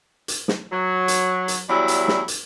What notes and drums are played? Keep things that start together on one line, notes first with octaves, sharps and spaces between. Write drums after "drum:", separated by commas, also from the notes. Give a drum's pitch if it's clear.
drum: hi-hat
drum: snare
F#3
drum: hi-hat
drum: hi-hat
E2 F#3 G3 E4 D5
drum: hi-hat
drum: snare
drum: hi-hat